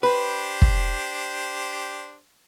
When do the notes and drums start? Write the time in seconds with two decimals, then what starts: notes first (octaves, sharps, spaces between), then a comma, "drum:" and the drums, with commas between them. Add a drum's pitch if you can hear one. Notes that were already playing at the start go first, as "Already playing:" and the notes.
0.03 D4 G4 B4 C5
0.62 drum: kick